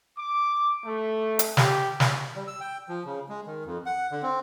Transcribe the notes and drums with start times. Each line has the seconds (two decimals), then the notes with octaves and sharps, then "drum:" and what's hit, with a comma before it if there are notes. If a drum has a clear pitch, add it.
0.17 D6
0.85 A3
1.39 drum: hi-hat
1.57 G4, drum: snare
2.00 drum: snare
2.35 G3
2.48 E6
2.61 G5
2.89 F3
3.05 C#3
3.29 G#3
3.46 D#3
3.65 F2
3.86 F#5
4.11 D3
4.23 C4